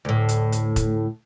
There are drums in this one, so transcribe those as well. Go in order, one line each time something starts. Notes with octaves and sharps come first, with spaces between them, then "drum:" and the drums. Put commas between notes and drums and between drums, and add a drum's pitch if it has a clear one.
D2 A2
drum: hi-hat
drum: hi-hat
drum: kick E1, hi-hat